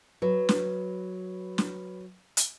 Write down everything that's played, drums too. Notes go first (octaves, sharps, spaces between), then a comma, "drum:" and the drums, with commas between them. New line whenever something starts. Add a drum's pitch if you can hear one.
F#3 B4
drum: snare
drum: snare
drum: hi-hat